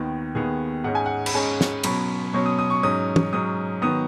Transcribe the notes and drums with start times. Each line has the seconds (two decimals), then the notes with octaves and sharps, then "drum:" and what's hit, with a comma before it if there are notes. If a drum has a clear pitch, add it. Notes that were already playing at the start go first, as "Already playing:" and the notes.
Already playing: D#2 D#3 B3
0.35 D#2 D#3 B3 G#4
0.84 G#2 G#3 C#4 F#5
0.95 G#5
1.06 F#5
1.26 B5, drum: cymbal
1.34 G#2 G#3 C#4 G#5
1.61 drum: snare
1.84 B2 F#3 C#4 B5, drum: cymbal
2.33 B2 F#3 C#4 C#6
2.46 D#6
2.59 D#6
2.70 C#6
2.83 G#2 F#3 C#4 D#6
3.16 drum: tom
3.33 G#2 F#3 C#4 D#6
3.82 D#3 F#3 B3 D#6